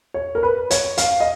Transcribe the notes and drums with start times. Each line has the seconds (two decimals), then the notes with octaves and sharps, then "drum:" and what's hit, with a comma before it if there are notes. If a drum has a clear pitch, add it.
0.14 C#5
0.35 A#4
0.43 B4
0.71 C#5, drum: hi-hat
0.98 F5, drum: hi-hat
1.20 D#5